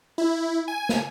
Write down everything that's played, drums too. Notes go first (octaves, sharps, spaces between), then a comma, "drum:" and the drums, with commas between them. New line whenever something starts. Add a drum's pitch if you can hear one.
E4
G#5
drum: snare